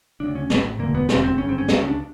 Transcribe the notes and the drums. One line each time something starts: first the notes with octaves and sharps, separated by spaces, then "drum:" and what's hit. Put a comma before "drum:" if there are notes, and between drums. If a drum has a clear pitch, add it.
D2 C#3 D4
C#4
A1 A2, drum: snare
E1 D2 D3 A#3
B3
E1 D2 C3 C4, drum: snare
C4
G1 F#2 C#3 C#4
C4
C#4
C#2 C#3, drum: snare
C#4
D4